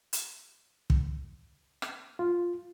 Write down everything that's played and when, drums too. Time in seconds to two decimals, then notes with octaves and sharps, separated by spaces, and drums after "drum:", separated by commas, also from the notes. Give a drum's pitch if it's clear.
0.13 drum: hi-hat
0.90 drum: kick
1.82 drum: rim click
2.19 F4